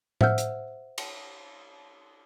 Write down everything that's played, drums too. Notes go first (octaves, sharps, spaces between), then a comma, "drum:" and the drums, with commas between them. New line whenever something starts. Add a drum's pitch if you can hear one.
C5 E5 F#5 E6 F6 G6, drum: tom A2
drum: hi-hat
drum: cymbal